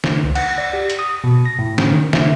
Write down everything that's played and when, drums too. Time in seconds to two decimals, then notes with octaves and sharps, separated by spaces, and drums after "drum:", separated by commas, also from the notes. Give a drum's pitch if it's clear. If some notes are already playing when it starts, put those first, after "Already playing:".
0.04 drum: snare
0.24 C#2
0.35 F#5, drum: cymbal
0.58 D5
0.73 G4
0.90 drum: hi-hat
0.99 D#6
1.24 B2
1.45 A#6
1.59 A2
1.78 C#4, drum: snare
1.92 D#3
2.13 E5, drum: snare